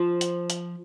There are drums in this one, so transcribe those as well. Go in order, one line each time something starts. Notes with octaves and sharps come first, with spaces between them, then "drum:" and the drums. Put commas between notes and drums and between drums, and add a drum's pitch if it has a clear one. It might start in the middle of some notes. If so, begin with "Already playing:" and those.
Already playing: F3
drum: hi-hat
drum: hi-hat